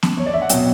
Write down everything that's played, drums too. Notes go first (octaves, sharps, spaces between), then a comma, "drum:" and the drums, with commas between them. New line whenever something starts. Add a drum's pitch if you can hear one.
drum: snare B3
C#5
D5
E5
F#5
B2 F#3 G5, drum: hi-hat